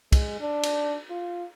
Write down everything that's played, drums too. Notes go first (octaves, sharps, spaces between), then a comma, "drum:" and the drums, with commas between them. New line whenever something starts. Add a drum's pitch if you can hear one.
G#3, drum: kick, cymbal
D4
drum: cymbal
F4